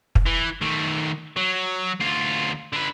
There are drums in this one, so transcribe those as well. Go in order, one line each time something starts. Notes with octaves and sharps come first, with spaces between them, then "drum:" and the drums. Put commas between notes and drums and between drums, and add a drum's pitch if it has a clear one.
drum: kick
E3
D#3 A3
F#3
D2 F4
D3 B4